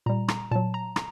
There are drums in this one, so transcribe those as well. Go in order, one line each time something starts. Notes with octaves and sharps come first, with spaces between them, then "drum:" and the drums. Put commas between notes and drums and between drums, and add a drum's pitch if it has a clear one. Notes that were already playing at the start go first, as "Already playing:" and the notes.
A#2 G3 A#5
A#5, drum: rim click
A#2 F#3 A5
A#5
A#5, drum: rim click